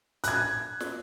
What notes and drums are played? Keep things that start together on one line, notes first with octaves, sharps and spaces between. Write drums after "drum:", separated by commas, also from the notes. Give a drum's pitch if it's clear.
F#6 G#6, drum: hi-hat
drum: snare